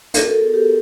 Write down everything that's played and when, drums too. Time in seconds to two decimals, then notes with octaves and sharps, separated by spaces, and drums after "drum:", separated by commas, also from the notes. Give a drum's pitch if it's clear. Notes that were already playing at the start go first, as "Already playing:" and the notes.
0.14 F#4 A#4, drum: hi-hat
0.27 A4
0.40 B3 G#4
0.54 G4